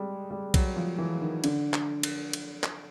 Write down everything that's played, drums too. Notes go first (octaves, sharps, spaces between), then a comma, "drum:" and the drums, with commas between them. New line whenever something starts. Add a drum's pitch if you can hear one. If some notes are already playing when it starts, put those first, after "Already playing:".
Already playing: G3 G#3
G3
F#3, drum: kick B1, cymbal
F3
E3
D#3
D3, drum: cymbal
drum: clap
drum: cymbal
drum: cymbal
drum: clap